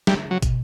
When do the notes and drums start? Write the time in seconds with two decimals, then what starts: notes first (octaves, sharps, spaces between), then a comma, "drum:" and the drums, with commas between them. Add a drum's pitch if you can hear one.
0.07 G3, drum: snare
0.13 D3
0.25 C#3
0.31 F#3
0.42 B2, drum: kick, hi-hat